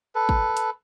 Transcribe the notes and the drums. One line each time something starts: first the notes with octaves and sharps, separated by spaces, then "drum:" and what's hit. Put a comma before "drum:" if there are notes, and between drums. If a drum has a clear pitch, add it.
A4 B4
drum: kick
drum: hi-hat